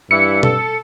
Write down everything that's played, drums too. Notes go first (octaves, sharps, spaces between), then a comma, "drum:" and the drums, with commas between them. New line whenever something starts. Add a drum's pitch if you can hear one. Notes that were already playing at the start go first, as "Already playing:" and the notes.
G2 E3 E4 C#7
A4, drum: tom B2